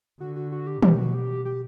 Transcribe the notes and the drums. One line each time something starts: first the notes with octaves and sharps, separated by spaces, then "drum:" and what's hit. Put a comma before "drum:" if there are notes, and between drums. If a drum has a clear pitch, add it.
D3 F#4
F#4
F#4
G4
B2 G4, drum: tom
F#4
G4
G4